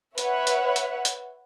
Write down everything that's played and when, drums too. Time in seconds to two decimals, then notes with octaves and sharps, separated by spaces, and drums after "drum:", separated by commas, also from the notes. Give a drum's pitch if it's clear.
0.18 B4 C#5 E5 F#5, drum: hi-hat
0.47 drum: hi-hat
0.76 drum: hi-hat
1.05 drum: hi-hat